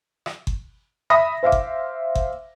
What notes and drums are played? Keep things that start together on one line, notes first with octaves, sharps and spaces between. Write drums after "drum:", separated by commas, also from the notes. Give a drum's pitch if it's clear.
drum: rim click
drum: kick G1
E5 B5 D#6 A#6
C5 E5 F5 D6
drum: kick G1
drum: kick G1